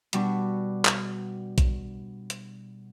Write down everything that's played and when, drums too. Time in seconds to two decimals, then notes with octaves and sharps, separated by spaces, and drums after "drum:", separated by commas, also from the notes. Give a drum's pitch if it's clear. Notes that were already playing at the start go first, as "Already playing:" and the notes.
0.13 B2 G3 D4 F#4 F#5 C#6, drum: hi-hat
0.85 drum: clap
1.58 drum: kick A#1, hi-hat
2.30 drum: hi-hat